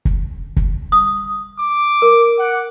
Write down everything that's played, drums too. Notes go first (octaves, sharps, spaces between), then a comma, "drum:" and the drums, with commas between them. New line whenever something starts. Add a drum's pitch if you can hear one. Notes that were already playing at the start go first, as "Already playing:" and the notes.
drum: kick
drum: kick
D#6
D6
A#4
F#5